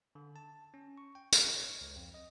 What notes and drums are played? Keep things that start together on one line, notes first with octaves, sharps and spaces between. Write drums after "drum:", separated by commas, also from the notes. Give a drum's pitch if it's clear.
D3
A5
C#4
C#6
G5
G#4, drum: tambourine
C#5
C#2
F2
D#5